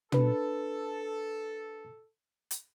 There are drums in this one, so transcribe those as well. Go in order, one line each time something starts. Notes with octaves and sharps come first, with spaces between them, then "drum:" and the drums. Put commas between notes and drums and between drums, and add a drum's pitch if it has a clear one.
D4 A4 B4, drum: tom
drum: hi-hat